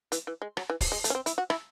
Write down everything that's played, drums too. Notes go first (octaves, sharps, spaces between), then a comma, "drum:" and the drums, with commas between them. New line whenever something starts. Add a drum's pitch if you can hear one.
E3, drum: hi-hat
E3
G#3
F#3, drum: rim click
E3
drum: kick, open hi-hat
G#3
A3, drum: hi-hat
C#4
C4
E4, drum: hi-hat
F#4
E4, drum: rim click